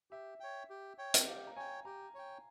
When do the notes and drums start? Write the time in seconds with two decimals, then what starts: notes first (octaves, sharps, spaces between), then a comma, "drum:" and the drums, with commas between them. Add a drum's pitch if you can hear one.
0.11 G4 E5
0.40 C#5 G5
0.70 G4
0.98 C#5 G5
1.14 drum: hi-hat
1.27 G4 F5
1.47 A#5
1.56 C#5 G5 G#5
1.85 G4 A#5
2.15 C#5 G5